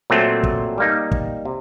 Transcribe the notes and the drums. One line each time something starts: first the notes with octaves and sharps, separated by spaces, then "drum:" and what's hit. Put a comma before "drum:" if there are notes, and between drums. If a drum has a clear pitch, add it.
A#2 F#3 A3 C4
drum: kick
G3 A#3 D#4
drum: kick
C3